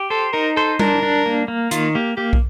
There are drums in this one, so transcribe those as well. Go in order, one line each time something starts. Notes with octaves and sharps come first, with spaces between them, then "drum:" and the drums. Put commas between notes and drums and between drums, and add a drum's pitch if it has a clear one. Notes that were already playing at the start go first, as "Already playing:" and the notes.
Already playing: G4
A4 C5
D#4 A#4
A4 C5
D4 A#4, drum: tom G3
D4
A#3
A#3
D#3 F4, drum: hi-hat
A#3 G4
A#3 G4
drum: kick